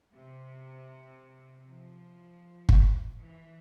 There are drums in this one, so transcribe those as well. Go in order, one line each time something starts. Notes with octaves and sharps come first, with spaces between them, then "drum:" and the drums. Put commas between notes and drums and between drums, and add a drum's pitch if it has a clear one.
C3
F3
drum: kick
E3